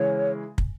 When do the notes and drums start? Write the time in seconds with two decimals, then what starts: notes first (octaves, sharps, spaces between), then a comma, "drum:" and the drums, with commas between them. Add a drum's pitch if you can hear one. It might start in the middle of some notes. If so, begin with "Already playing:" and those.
Already playing: C#3 E3 G#3 C#5
0.58 drum: kick